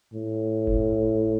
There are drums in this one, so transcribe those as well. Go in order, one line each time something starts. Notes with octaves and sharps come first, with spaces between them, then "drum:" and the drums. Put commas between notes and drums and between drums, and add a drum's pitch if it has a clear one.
A2
drum: kick F#1